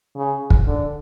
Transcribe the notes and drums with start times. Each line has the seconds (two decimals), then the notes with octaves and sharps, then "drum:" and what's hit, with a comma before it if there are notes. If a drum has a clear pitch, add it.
0.16 C#3
0.50 drum: kick
0.67 D3